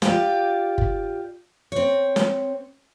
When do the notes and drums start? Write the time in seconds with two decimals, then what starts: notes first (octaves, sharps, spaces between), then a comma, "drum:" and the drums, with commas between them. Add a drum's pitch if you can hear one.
0.02 F4 G4 D5, drum: snare
0.78 drum: kick
1.72 C4 C#5
2.16 drum: snare